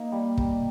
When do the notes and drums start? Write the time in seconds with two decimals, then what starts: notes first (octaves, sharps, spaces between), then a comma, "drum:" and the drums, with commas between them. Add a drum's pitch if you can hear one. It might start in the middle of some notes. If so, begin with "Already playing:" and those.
Already playing: A#3 D#4
0.12 G3
0.38 G3, drum: kick